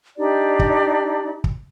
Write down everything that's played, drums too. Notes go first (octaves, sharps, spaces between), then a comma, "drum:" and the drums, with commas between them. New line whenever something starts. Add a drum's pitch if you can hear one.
D4 D#4 G4 D5
drum: kick
drum: kick